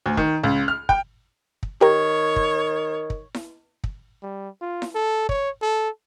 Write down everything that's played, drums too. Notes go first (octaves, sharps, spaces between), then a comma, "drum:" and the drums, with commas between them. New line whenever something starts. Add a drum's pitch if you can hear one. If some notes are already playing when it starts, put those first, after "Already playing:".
D2
D#3, drum: kick
C#2
F6
G5, drum: kick
drum: kick
D#3 G4 A#4 C#5
drum: kick
drum: kick
drum: snare E4
drum: kick
G3
F4
drum: snare E4
A4
C#5, drum: kick
A4